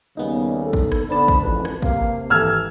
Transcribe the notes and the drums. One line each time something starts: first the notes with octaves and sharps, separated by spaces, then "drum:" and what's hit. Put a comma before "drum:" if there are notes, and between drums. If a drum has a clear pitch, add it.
D#2 C#3 G3 B3 D#4
A4
drum: kick
drum: rim click
D3 B3 C4 D4 A5 B5
drum: kick
A1 G#2 F3 B4
drum: rim click
C3 A#3 F5, drum: kick
G#1 E3 G4 A4 A#5 E6 F6 G#6